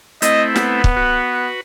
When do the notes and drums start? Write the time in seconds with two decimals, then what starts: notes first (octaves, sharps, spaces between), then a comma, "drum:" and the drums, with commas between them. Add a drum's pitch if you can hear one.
0.22 A3 C4 E4 D#5, drum: hi-hat
0.56 B3, drum: snare
0.84 drum: kick
0.97 F#4 B4